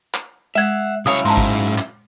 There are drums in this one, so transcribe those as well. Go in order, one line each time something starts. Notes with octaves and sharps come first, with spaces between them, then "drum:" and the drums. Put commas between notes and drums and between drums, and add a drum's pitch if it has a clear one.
drum: clap
G#3 E5 F#5 G#6
C2 F#2 E4 C#5 F5 D#6
G#2 A5 A#5 C6
drum: kick
drum: clap